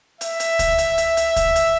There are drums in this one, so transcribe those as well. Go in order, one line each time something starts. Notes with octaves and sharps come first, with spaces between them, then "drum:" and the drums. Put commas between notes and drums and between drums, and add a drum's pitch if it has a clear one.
E5, drum: hi-hat
drum: hi-hat
drum: kick C#2, hi-hat
drum: hi-hat
drum: hi-hat
drum: hi-hat
drum: kick C#2, hi-hat
drum: hi-hat